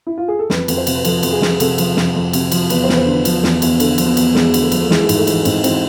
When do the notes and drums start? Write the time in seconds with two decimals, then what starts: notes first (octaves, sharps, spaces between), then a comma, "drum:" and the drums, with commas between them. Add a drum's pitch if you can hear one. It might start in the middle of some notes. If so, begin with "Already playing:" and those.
0.07 E4
0.18 F4
0.28 G#4
0.39 A4
0.50 F2 B4, drum: snare
0.68 F2, drum: cymbal
0.77 C5
0.87 C3, drum: cymbal
0.95 B4
1.05 F3 A4, drum: cymbal
1.23 F2, drum: cymbal
1.32 G#4
1.42 F2, drum: snare
1.60 C3 A4, drum: cymbal
1.78 F3, drum: cymbal
1.96 F2, drum: snare
2.15 F2
2.33 C3, drum: cymbal
2.52 F3, drum: cymbal
2.70 E2 B4, drum: cymbal
2.84 C5
2.89 E2 B4, drum: snare
2.97 C5
3.06 D3 B4
3.25 F3, drum: cymbal
3.43 E2, drum: snare
3.62 E2, drum: cymbal
3.80 D3 A4, drum: cymbal
3.98 F3, drum: cymbal
4.08 B3
4.17 E2, drum: cymbal
4.35 E2 G#3, drum: snare
4.54 D3, drum: cymbal
4.63 A3
4.72 F3, drum: cymbal
4.83 A3
4.90 E3 G#3, drum: snare
5.04 G#3
5.09 G#2, drum: cymbal
5.18 A3
5.27 E3, drum: cymbal
5.45 G#2 C4, drum: cymbal
5.64 E3 C4, drum: cymbal